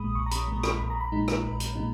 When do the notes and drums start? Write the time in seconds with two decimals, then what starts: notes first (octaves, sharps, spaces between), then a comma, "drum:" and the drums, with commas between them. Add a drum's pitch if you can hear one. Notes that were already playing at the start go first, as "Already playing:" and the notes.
Already playing: A#1 A#2 G#3 B5 D#6
0.15 A#1 C#6
0.26 A#5
0.31 B5, drum: hi-hat
0.48 A#2 G#3
0.63 B5, drum: rim click
0.80 A#1 B5
0.90 A#5
1.00 B5
1.12 A#2 G#3 D#4
1.28 drum: rim click
1.44 A#1
1.60 drum: hi-hat
1.75 A#2 G#3 D#4